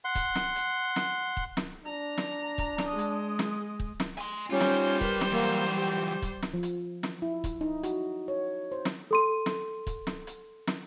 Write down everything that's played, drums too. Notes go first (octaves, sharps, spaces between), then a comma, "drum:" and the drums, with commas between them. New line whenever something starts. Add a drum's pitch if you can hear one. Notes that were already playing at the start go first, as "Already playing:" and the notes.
F#5 C6
drum: kick, hi-hat
drum: snare
drum: hi-hat
drum: snare
drum: kick
drum: snare
D4 A#5
drum: snare
drum: kick, hi-hat
drum: snare
G#3 D#5
drum: hi-hat
drum: snare
drum: kick
drum: snare
G#5 C6, drum: hi-hat
G3 C#4 D#4 F4 C5
drum: snare
A#4 B4, drum: kick, hi-hat
drum: snare
E3 F#3 A#3
drum: hi-hat
G4
drum: kick, hi-hat
drum: snare
F3
drum: hi-hat
drum: snare
E4
drum: kick, hi-hat
D#4
F#4, drum: hi-hat
C#5
C5
drum: snare
A4 C6 D#7
drum: snare
drum: kick, hi-hat
drum: snare
drum: hi-hat
drum: snare